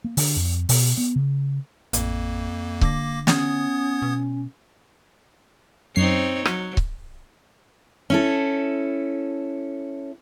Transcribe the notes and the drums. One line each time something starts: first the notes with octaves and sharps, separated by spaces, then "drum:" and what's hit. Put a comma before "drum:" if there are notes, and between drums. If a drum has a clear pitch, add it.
A#3
D3, drum: open hi-hat
F2
B2, drum: open hi-hat
B3
C#3
A1 F2 A#3, drum: hi-hat
D3 A#3 D6 A#6, drum: kick C#1
B3 C#4 D#6 G#6, drum: snare
B2
F#2 C4 D#4 C#5 C7
F#3, drum: rim click
drum: kick C#1
C#4 E4 A4